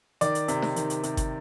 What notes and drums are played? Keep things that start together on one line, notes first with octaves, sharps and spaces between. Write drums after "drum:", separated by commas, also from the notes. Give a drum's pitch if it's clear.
D#3 D5, drum: hi-hat
drum: hi-hat
C3, drum: hi-hat
drum: snare
D#3, drum: hi-hat
drum: hi-hat
C3, drum: hi-hat
drum: kick, hi-hat